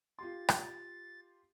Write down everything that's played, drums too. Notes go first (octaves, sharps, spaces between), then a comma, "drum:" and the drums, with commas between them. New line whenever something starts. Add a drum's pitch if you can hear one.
F4 G4 C6 A6
drum: rim click